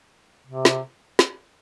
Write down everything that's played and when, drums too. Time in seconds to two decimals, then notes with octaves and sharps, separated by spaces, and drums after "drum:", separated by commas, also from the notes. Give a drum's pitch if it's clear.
0.47 C3
0.65 drum: snare
1.19 drum: snare